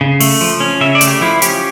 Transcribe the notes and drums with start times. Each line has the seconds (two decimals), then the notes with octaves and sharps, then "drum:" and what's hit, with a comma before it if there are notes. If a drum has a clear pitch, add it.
0.01 C#3
0.20 A3, drum: open hi-hat
0.41 F3
0.60 C#4
0.81 C#3 E5
0.95 D5
1.01 A3, drum: hi-hat
1.08 G4
1.21 F3 E4
1.42 C#4 G4, drum: hi-hat